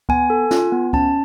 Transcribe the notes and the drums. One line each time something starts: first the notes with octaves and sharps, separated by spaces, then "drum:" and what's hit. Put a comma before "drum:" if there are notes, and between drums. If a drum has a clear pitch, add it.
B3 G#5, drum: kick C#2
A4
F4, drum: snare
B3
C#4 A5, drum: kick C#2